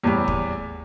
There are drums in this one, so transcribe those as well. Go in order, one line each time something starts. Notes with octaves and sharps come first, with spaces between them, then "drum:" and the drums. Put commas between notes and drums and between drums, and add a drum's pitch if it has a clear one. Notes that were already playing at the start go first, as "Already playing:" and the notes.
E2 A2 G3
drum: kick